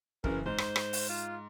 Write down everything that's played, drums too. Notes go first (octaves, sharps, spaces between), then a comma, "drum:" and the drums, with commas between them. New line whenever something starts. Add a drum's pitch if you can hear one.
F#1 C#3 E3 A#4, drum: kick
G#2 C5
drum: rim click
drum: rim click
drum: open hi-hat
F4